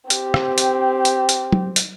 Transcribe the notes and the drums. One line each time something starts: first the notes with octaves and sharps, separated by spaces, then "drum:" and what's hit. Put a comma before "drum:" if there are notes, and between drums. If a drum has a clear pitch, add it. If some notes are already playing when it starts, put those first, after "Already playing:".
C4 G4, drum: hi-hat
drum: rim click
drum: hi-hat
drum: hi-hat
drum: hi-hat
drum: tom F#3
drum: hi-hat